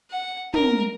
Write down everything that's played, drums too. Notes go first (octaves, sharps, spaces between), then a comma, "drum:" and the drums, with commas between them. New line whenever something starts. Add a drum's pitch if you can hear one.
F#5
A#4, drum: tom